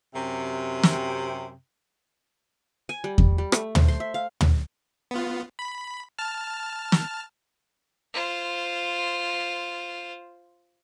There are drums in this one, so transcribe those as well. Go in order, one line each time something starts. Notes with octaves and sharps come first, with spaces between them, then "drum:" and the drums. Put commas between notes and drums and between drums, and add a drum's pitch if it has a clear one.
F#2 C3
drum: snare
G#5
G3
drum: kick E2
G3
A3, drum: rim click
C5, drum: tom
C6
E5
F5
drum: tom
B3 F4
B5
A5 F6
drum: snare
F4 C5